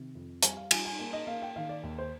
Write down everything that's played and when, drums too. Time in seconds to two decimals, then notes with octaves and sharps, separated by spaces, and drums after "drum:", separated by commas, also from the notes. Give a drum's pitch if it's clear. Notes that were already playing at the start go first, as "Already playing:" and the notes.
Already playing: C3 D#3
0.15 F2
0.43 G3 G#5, drum: hi-hat
0.57 F5
0.71 G3 G#5, drum: cymbal
0.85 G#5
0.99 A#3 G#5
1.13 D#5
1.27 A#3 F5
1.42 G5
1.56 D#3 F5
1.69 D5
1.83 D#2
1.98 C5